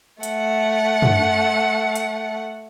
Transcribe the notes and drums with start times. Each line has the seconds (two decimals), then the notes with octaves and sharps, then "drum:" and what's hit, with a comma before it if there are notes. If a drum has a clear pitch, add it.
0.23 A3 F#5, drum: hi-hat
1.02 drum: tom
1.96 drum: hi-hat